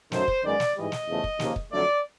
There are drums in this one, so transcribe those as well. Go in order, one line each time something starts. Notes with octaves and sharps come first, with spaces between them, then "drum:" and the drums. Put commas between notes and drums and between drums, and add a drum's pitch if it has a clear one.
F#2 D#3 F#3 A3 C5, drum: snare
drum: kick
F#2 D#3 G#3 B3 D5
drum: snare
G#2 E3 G3 D#5
drum: snare
E2 C#3 F3 A3
drum: kick
D#2 C#3 F3 A#3, drum: snare
drum: kick
F2 D3 F#3 A3 D5